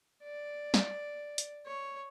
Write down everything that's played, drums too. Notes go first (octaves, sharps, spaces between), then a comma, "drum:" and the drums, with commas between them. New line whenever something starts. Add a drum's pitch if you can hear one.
D5
drum: snare
drum: hi-hat
C#5